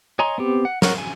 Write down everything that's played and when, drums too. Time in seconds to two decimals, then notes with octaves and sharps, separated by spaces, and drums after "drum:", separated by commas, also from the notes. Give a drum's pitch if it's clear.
0.19 C#5 D#5 G#5 A#5 C6
0.38 B3 C4 G4
0.65 F#5
0.82 A#4 C#5 F#5, drum: snare
0.98 G#5